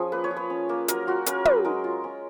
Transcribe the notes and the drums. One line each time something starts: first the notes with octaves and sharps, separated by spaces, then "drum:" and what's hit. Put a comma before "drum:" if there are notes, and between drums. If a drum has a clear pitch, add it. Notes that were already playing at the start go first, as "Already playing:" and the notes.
Already playing: F3 C#4 G#4
A#3 B4
C#5
F4
B4
C#4
A#3
F#3 A#4, drum: hi-hat
F4 F#4
C#4 A#4, drum: hi-hat
F#3 B4, drum: tom
G#3 A#4
F4
C#4